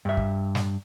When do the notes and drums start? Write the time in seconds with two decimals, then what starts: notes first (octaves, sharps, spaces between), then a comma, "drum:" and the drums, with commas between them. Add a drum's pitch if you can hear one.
0.05 G2 E5
0.17 drum: kick
0.55 drum: snare